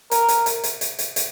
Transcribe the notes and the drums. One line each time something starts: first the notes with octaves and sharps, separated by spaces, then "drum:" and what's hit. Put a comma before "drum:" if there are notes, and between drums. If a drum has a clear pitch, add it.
A#4, drum: hi-hat
drum: hi-hat
drum: hi-hat
drum: hi-hat
drum: hi-hat
drum: hi-hat
drum: hi-hat